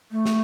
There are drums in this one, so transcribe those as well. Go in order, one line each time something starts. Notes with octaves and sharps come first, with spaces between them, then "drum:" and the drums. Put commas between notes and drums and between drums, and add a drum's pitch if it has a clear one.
A3
drum: snare